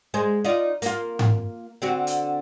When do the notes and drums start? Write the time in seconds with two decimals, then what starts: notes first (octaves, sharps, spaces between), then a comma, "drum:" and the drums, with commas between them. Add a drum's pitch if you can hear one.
0.14 G#3 G#4 C5
0.45 D#4 F4 D5
0.82 A#3 F4, drum: hi-hat
1.19 drum: tom G#2
1.82 D3 C4 F#4
2.07 drum: hi-hat